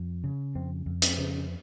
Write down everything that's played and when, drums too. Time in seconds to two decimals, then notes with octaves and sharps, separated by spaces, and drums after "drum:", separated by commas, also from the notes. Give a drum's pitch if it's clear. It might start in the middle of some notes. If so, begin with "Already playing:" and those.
Already playing: F2
0.24 C#3
0.55 F2 C4
0.86 F2
1.02 C4, drum: hi-hat
1.18 C#3